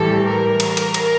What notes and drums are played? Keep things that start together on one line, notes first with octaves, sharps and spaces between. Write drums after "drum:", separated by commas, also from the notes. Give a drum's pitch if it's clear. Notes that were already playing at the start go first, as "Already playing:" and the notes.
Already playing: A2 E3 G3 A4
A#4
drum: cymbal
drum: cymbal
drum: cymbal